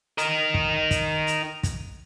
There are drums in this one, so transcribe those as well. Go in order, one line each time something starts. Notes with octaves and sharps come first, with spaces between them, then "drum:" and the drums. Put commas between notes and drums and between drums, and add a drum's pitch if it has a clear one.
D#4 A#4, drum: hi-hat
drum: kick
drum: kick, hi-hat
drum: hi-hat
drum: kick, hi-hat